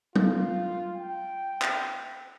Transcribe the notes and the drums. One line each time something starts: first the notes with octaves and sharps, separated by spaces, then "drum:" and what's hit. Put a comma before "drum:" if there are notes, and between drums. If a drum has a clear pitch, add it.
F4, drum: tom F#3
G5
drum: clap